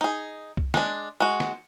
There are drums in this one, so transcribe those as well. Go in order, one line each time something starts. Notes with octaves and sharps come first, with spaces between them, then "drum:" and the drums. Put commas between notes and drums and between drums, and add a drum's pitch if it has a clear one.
D#4 G#4
drum: kick C2
G#3 D4, drum: snare
G#3 F#4
drum: snare